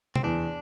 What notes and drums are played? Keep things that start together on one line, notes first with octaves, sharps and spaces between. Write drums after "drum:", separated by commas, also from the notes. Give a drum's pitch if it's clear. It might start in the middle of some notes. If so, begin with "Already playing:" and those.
C4, drum: tom C3
E2 D4